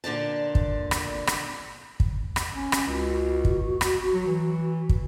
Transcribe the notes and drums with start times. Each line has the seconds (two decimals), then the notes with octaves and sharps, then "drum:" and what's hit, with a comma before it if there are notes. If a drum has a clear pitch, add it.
0.04 A#2 D3 D5 A5
0.55 drum: kick
0.91 drum: rim click
1.27 drum: rim click
2.00 drum: kick
2.36 drum: rim click
2.54 C#4
2.72 drum: rim click
2.87 C#2 F#4
3.45 drum: kick
3.81 drum: rim click
4.14 F#3
4.27 E3
4.89 drum: kick